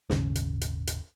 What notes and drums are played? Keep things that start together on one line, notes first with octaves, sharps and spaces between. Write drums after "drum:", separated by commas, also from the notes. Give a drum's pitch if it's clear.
D#1 G#1 C#3 C#4, drum: snare
drum: hi-hat
drum: hi-hat
drum: hi-hat